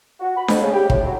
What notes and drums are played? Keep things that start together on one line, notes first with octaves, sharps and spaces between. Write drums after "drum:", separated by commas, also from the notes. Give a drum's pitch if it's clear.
F#4
B5
F2, drum: snare D4
C#3
G4
A2, drum: kick
F#3